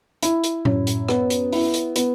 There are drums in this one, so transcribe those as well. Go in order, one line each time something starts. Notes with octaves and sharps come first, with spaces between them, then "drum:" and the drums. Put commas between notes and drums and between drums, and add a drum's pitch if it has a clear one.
E4, drum: hi-hat
drum: hi-hat
F#2, drum: tom A2
drum: hi-hat
B3, drum: rim click
drum: hi-hat
E4, drum: open hi-hat
drum: hi-hat
B3, drum: hi-hat